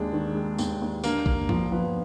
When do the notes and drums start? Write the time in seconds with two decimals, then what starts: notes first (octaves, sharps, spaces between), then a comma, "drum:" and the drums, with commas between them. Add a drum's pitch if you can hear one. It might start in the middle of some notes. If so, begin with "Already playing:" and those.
Already playing: D#2 G#3 D4
0.13 D#3
0.35 G#3
0.58 D#2, drum: tambourine
0.82 D#2
1.04 D3 A#3, drum: tambourine
1.26 D3, drum: kick A#1
1.49 F3, drum: tom G2
1.72 F3 B3